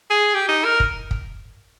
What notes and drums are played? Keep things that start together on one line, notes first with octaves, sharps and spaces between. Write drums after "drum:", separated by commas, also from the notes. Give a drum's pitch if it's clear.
G#4
G4
D#4
A#4
drum: kick
drum: kick